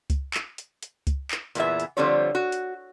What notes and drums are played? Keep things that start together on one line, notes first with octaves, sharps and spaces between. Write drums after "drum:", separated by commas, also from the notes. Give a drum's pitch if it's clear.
drum: kick C#2, hi-hat
drum: clap
drum: hi-hat
drum: hi-hat
drum: kick C#2, hi-hat
drum: clap
E2 A#2 E3 B3 G#4 E5, drum: hi-hat
drum: hi-hat
D3 F3 G3 C4 F4 C#5
F#4
drum: hi-hat